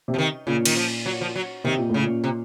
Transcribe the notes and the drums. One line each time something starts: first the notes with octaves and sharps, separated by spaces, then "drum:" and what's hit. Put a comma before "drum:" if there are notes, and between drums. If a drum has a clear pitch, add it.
C3
F3
D#3
A#2 C#3
D#3, drum: cymbal
F3
F#3
F3
F#3
C3 D#3
A#2
A2 C#3
A#2
C3